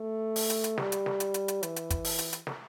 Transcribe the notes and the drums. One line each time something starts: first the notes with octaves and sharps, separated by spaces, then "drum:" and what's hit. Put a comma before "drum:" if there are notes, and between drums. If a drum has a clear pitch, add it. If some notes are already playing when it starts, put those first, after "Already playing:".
Already playing: A3
drum: open hi-hat
drum: hi-hat
drum: hi-hat
G3, drum: snare
drum: hi-hat
drum: snare
drum: hi-hat
drum: hi-hat
drum: hi-hat
E3, drum: hi-hat
drum: hi-hat
drum: kick, hi-hat
drum: open hi-hat
drum: hi-hat
drum: hi-hat
drum: snare